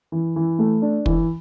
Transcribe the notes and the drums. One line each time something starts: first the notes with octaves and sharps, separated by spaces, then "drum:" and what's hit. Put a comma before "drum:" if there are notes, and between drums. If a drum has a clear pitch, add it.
E3
E3
A3
D4
E3, drum: kick